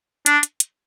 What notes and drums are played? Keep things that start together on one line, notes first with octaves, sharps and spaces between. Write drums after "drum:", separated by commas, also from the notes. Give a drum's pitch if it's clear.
D4, drum: hi-hat
drum: hi-hat
drum: hi-hat